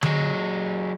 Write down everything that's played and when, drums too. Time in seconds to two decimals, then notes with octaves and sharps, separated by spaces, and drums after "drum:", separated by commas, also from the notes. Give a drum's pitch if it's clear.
0.03 F#3 G#3, drum: tom D3